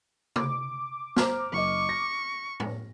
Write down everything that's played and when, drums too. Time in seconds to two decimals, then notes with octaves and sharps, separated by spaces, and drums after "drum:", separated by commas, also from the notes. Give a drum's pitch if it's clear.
0.36 D6, drum: tom
1.16 C5 A#5 F6, drum: snare
1.53 F#1 D#5 C#6
1.89 A#6
2.60 drum: tom A2